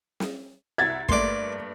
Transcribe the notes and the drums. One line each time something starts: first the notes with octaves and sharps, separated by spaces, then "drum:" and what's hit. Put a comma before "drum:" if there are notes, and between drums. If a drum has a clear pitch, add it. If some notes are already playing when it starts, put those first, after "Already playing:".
drum: snare
C2 F#4 E5 G#6 A6
G2 A3 A#3 D5 C6, drum: kick